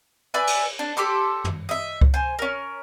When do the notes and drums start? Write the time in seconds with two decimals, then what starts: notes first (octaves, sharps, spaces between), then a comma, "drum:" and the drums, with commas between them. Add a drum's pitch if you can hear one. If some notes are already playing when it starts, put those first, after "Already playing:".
0.34 B4 D5 E5 G#5
0.47 drum: cymbal
0.79 D4
0.97 G4 A4 C6 D6
1.44 drum: tom
1.69 D#5 E5
2.01 drum: kick C#2
2.14 C5 G#5
2.39 C#4 A#4